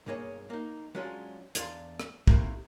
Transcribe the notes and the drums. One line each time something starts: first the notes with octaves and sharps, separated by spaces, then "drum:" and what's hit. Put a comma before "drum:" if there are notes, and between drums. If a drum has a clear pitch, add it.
B1 G2 A#3 G#4 C#5 D#5
A#3 D#4
F#3 G#3 C#4 D4 F4 G#4
E2 D4 E4 F5 C6, drum: hi-hat
drum: rim click
C3 D#3 A3 A#3 E4, drum: kick